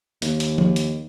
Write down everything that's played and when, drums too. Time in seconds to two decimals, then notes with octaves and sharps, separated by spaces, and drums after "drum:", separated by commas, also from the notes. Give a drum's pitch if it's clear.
0.22 D#2, drum: hi-hat
0.40 drum: hi-hat
0.58 drum: tom F3
0.76 drum: hi-hat